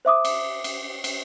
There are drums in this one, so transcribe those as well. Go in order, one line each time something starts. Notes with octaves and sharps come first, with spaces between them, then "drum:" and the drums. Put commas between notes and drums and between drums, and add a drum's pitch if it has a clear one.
C5 E5 D6 D#6
drum: cymbal
drum: cymbal
drum: cymbal